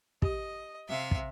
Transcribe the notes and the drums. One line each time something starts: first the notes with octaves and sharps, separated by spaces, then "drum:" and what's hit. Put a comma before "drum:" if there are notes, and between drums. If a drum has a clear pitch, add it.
G4 D#5, drum: kick
C3 E5 F5
drum: kick